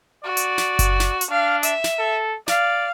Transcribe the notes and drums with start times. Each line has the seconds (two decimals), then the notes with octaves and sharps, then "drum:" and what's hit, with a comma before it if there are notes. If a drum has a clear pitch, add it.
0.24 F#4 D5
0.37 drum: hi-hat
0.58 drum: snare
0.79 drum: kick F#1, hi-hat
1.00 drum: snare
1.21 drum: hi-hat
1.30 D4 F5
1.63 E5, drum: hi-hat
1.84 drum: snare
1.99 A4
2.48 D5 F5, drum: snare